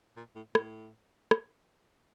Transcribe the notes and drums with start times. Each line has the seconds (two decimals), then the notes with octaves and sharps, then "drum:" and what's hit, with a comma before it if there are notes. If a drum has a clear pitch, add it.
0.17 A#2
0.36 A2
0.55 A2, drum: rim click
1.31 drum: rim click